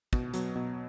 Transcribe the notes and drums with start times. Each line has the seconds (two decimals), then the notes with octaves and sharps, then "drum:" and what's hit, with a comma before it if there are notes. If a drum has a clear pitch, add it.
0.13 B2, drum: kick
0.34 F#3 B3, drum: hi-hat
0.56 B2